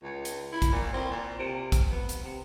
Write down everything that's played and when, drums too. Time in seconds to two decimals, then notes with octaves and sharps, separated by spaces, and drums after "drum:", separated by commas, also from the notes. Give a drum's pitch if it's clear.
0.03 C#2
0.25 drum: hi-hat
0.52 E4
0.62 drum: kick, hi-hat
0.72 A#2
0.93 C4
1.11 A#2
1.39 C3
1.72 drum: kick, hi-hat
1.91 B3
2.09 drum: hi-hat
2.24 C3